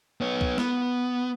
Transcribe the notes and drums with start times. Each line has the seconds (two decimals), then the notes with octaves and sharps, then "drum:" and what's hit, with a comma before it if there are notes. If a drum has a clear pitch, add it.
0.21 B3 C#5
0.41 drum: kick C2
0.58 B3, drum: snare